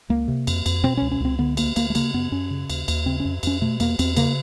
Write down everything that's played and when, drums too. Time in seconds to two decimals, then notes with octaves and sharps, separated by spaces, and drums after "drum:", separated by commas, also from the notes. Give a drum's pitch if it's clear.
0.09 C#2 A#3
0.28 C3
0.47 F2, drum: cymbal
0.66 F2, drum: cymbal
0.83 B2 C4
0.97 C#2 C#4
1.12 C#4
1.20 C#2 C4
1.39 D3 B3
1.57 D2 A#3, drum: cymbal
1.76 D2 A#3, drum: cymbal
1.90 A3
1.95 C#3 A#3, drum: cymbal
2.14 F#2 B3
2.32 F#2 C#4
2.51 C#3
2.70 D#2, drum: cymbal
2.88 D#2, drum: cymbal
3.06 C#3 C4
3.20 C#4
3.25 F2
3.43 F2 C#4, drum: cymbal
3.61 B2 A3
3.80 E2 A#3, drum: cymbal
3.99 E2 C4, drum: cymbal
4.17 C#3 A#3, drum: cymbal